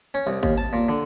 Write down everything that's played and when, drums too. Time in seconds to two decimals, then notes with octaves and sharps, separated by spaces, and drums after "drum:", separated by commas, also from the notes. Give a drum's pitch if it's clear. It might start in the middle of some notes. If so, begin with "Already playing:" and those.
0.14 C#4
0.27 C2
0.43 D#2, drum: kick G#1
0.57 A5
0.73 A#2
0.89 D3